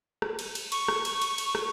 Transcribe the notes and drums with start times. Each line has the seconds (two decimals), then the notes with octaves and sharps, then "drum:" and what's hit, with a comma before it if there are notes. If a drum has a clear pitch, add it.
0.22 drum: rim click
0.39 drum: cymbal
0.55 drum: cymbal
0.72 C#6, drum: cymbal
0.88 drum: rim click
1.05 drum: cymbal
1.22 drum: cymbal
1.38 drum: cymbal
1.55 drum: rim click